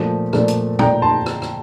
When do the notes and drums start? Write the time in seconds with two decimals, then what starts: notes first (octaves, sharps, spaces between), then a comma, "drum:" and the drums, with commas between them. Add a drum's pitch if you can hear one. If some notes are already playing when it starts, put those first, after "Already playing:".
Already playing: A#2 F3 A3 D4
0.33 A#2 F3 A3 D4, drum: rim click
0.48 drum: hi-hat
0.79 A#2 F3 A3 D4 G5 A#5, drum: tom
1.02 A5 C6
1.26 drum: rim click
1.42 drum: rim click